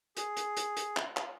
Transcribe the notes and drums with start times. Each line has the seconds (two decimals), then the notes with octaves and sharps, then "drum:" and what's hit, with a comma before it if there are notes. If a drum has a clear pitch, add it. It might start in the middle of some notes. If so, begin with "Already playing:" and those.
0.17 G#4, drum: hi-hat
0.37 drum: hi-hat
0.57 drum: hi-hat
0.77 drum: hi-hat
0.97 drum: clap
1.17 drum: clap